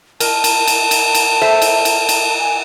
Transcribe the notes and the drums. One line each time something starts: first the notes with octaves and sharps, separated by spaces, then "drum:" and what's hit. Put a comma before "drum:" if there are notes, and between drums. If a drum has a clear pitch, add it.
A#4 A5, drum: cymbal
drum: cymbal
drum: cymbal
drum: cymbal
drum: cymbal
A4 C5 E5
drum: cymbal
drum: cymbal
drum: cymbal
G#5